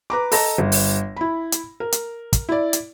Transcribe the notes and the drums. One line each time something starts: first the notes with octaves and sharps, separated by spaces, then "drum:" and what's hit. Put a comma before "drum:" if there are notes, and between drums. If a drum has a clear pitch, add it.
B4 A#5 D6
A4 D#5 A#5 A#6, drum: open hi-hat
G1
drum: open hi-hat
E4 B5
drum: hi-hat
A#4
drum: hi-hat
drum: kick, hi-hat
E4 D5
drum: hi-hat